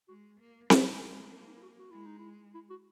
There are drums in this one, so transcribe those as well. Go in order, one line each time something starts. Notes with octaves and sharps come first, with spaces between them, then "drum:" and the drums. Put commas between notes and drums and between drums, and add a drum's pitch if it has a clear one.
G#3 F#4
A#3
A#3, drum: snare C4
D#4
G#3 C#4
B3
A#3 C#4
D#4
E4
F#4
F#4
G#3 E4
D#4
E4
E4
F#4